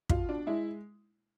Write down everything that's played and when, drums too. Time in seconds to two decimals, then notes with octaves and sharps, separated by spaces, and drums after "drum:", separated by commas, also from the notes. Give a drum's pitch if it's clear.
0.09 B2 F4, drum: kick
0.29 D4
0.47 G#3 E4